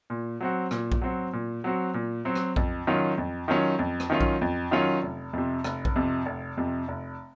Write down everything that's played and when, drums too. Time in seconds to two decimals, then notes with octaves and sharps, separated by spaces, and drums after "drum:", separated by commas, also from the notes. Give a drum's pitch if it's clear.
0.10 A#2
0.40 F#3 C4 F#4
0.71 A#2, drum: rim click
0.92 drum: kick A#1
1.02 F#3 C4 F#4
1.33 A#2
1.64 F#3 C4 F#4
1.94 A#2
2.25 F#3 C4 F#4
2.36 drum: rim click
2.56 F2, drum: kick A#1
2.87 D#3 F#3 C#4 F4
3.18 F2
3.48 D#3 F#3 C#4 F4
3.79 F2
4.00 drum: rim click
4.10 D#3 F#3 C#4 F4
4.21 drum: kick A#1
4.41 F2
4.71 D#3 F#3 C#4 F4
5.02 F1
5.33 F2 C3
5.64 F1, drum: rim click
5.85 drum: kick A#1
5.96 F2 C3
6.26 F1
6.58 F2 C3
6.88 F1